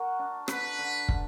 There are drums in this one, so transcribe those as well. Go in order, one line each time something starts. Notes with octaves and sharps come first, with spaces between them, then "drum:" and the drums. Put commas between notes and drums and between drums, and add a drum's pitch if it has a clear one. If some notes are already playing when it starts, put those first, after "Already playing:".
Already playing: F#4 A#4
D4
D3 B4, drum: rim click
D3
D3, drum: kick